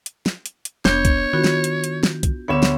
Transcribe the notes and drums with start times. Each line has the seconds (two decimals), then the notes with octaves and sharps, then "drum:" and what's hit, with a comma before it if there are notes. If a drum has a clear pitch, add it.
0.06 drum: hi-hat
0.26 drum: snare
0.46 drum: hi-hat
0.65 drum: hi-hat
0.85 F1 B3 D4 C#5 G6, drum: snare
1.05 drum: kick, hi-hat
1.33 D#3 B3 F4 F#4
1.44 drum: snare
1.64 drum: hi-hat
1.84 drum: hi-hat
2.03 drum: snare
2.23 drum: kick, hi-hat
2.48 D2 B3 D4 C#5 E7
2.63 drum: snare